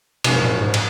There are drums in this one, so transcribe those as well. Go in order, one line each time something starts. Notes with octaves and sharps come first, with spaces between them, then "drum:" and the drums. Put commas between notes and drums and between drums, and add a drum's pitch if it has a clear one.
F#1 F#2 B2 F3 G#3 D#4, drum: cymbal
A#2
G#2
drum: cymbal